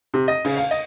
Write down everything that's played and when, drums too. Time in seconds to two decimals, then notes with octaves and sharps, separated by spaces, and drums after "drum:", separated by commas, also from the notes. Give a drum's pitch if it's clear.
0.14 C3
0.28 D#5
0.45 C#3, drum: open hi-hat
0.57 F5
0.71 D#5